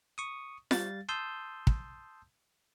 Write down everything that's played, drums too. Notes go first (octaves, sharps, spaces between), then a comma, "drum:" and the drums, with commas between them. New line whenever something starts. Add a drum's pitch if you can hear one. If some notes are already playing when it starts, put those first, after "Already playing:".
C#6 D#6
G3 F5 A6, drum: snare F4
A5 C6 D#6 E6 G6
drum: kick